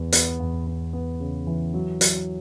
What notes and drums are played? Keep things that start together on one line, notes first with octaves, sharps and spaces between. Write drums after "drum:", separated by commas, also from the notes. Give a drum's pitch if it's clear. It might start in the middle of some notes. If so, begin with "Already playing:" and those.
Already playing: E2 B3
B3, drum: hi-hat
E2
B3
B3
C#3
E3
F#3
F#3, drum: hi-hat